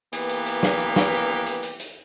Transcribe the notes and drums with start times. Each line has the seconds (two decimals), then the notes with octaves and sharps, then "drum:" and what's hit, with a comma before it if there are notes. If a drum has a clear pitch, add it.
0.13 E3 A#3 B3 G4, drum: hi-hat
0.29 drum: hi-hat
0.46 drum: hi-hat
0.63 drum: snare
0.80 drum: hi-hat
0.96 drum: snare
1.13 drum: hi-hat
1.46 drum: hi-hat
1.63 drum: hi-hat
1.80 drum: hi-hat